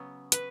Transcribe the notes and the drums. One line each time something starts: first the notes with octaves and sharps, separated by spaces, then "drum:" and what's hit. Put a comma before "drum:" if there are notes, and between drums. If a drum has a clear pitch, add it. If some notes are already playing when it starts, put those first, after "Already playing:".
Already playing: C#3 F#3 B3
B4, drum: hi-hat